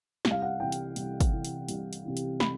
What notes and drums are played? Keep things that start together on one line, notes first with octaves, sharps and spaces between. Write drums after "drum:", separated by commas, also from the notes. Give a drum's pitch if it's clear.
C2, drum: snare
F5
F#5
C3 E3 G5
drum: hi-hat
C2, drum: hi-hat
drum: kick, hi-hat
C3 E3
drum: hi-hat
C2, drum: hi-hat
drum: hi-hat
C3 E3
drum: hi-hat
B5, drum: snare